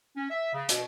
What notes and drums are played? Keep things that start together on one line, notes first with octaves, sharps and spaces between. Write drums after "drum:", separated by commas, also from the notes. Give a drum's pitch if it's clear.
C#4
E5
C#3
B2, drum: hi-hat